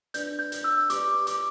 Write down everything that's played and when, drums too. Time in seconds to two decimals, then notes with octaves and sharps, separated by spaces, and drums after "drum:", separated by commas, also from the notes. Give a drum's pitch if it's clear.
0.14 D4 B4 D5 G6, drum: hi-hat
0.39 G6
0.52 drum: hi-hat
0.64 E6
0.90 G4 B4 D5 D6, drum: hi-hat
1.27 D6, drum: hi-hat